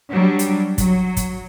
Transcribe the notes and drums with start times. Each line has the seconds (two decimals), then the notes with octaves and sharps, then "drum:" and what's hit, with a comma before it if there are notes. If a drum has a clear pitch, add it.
0.12 F#3 G3 D4
0.39 drum: hi-hat
0.78 F#3, drum: kick, hi-hat
1.17 drum: kick, hi-hat